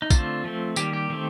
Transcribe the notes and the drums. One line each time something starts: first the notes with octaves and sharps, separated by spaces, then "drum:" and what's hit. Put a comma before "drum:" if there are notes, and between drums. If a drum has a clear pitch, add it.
D#4
D3 A3 C4 F4, drum: kick, tambourine
F3 A3 C4
D#3 G3 A#3 G4, drum: tambourine
G4
D#3 A3 C4